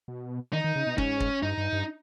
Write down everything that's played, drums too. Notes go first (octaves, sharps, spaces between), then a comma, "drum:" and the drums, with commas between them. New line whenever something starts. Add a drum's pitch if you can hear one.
B2
D#3 D#4
D#3
C#3
B2
G#2 C#4, drum: kick
drum: kick
G2 D#4
G2
G2